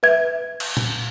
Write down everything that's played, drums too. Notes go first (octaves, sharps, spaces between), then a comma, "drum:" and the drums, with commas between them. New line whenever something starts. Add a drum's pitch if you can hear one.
B4 E5 G#6
drum: cymbal
drum: tom A#2